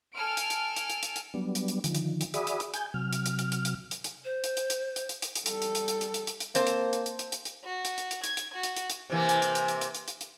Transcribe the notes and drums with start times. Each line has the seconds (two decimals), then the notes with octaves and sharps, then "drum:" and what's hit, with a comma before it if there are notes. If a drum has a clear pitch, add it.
0.13 A4 G#5 F6 D7
0.37 drum: hi-hat
0.50 drum: hi-hat
0.76 drum: hi-hat
0.90 drum: hi-hat
1.03 drum: hi-hat
1.16 drum: hi-hat
1.34 F#3 G3 B3 D4
1.55 drum: hi-hat
1.68 drum: hi-hat
1.84 D3 D#3 F3, drum: hi-hat
1.94 drum: hi-hat
2.21 drum: hi-hat
2.34 F#4 G#4 D5 E5 B5 D#6, drum: hi-hat
2.47 drum: hi-hat
2.60 drum: hi-hat
2.74 G#5 G6, drum: hi-hat
2.94 C3 F#3 F6
3.13 drum: hi-hat
3.26 drum: hi-hat
3.39 drum: hi-hat
3.52 drum: hi-hat
3.65 drum: hi-hat
3.91 drum: hi-hat
4.04 drum: hi-hat
4.25 C5
4.44 drum: hi-hat
4.57 drum: hi-hat
4.70 drum: hi-hat
4.96 drum: hi-hat
5.09 drum: hi-hat
5.22 drum: hi-hat
5.36 drum: hi-hat
5.46 G3 A4, drum: hi-hat
5.62 drum: hi-hat
5.75 drum: hi-hat
5.88 drum: hi-hat
6.01 drum: hi-hat
6.14 drum: hi-hat
6.27 drum: hi-hat
6.40 drum: hi-hat
6.55 A#3 C4 C5 A5, drum: hi-hat
6.67 drum: hi-hat
6.93 drum: hi-hat
7.06 drum: hi-hat
7.19 drum: hi-hat
7.32 drum: hi-hat
7.45 drum: hi-hat
7.64 F#4
7.85 drum: hi-hat
7.98 drum: hi-hat
8.11 drum: hi-hat
8.24 G#6, drum: hi-hat
8.37 drum: hi-hat
8.54 F#4
8.63 drum: hi-hat
8.77 drum: hi-hat
8.90 drum: hi-hat
9.10 C3 E3 A#3
9.29 drum: hi-hat
9.42 drum: hi-hat
9.55 drum: hi-hat
9.68 drum: hi-hat
9.81 drum: hi-hat
9.95 drum: hi-hat
10.08 drum: hi-hat
10.21 drum: hi-hat